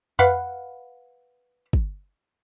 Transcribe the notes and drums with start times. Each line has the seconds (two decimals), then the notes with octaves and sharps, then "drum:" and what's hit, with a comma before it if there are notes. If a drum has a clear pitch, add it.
0.19 B4 F5 F#5, drum: tom F2
1.73 drum: kick